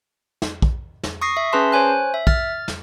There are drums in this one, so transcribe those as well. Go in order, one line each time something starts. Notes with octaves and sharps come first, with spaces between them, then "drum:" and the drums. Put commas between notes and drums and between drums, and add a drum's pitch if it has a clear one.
drum: snare
drum: kick
drum: snare
C#6 D#6 A#6 C7
E5
C#4 G#4 B4 A5 C6
C5 C#5 G#5 F#6
E5
F6 A6, drum: kick
drum: snare